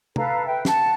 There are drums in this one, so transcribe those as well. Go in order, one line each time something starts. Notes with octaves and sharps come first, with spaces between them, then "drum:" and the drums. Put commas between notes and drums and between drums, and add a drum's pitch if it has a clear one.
A4 B4 F5 A#5, drum: tom
B4 E5 G5
F#5 A5, drum: snare